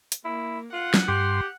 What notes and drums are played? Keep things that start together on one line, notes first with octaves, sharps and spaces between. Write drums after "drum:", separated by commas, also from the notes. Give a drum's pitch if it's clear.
drum: hi-hat
A#3 E4
F4 F#5
drum: snare
G2 G4 C6